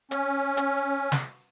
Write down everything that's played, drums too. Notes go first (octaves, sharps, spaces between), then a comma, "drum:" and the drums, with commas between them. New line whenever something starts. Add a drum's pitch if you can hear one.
C#4, drum: hi-hat
drum: hi-hat
drum: snare